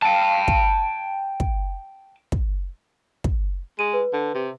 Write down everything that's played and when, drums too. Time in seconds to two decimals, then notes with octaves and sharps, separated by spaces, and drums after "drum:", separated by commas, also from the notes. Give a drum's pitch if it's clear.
0.02 G5 A5
0.48 drum: kick
1.40 drum: kick
2.32 drum: kick
3.24 drum: kick
3.79 G#3 D#7
3.93 B4
4.13 D3
4.34 C3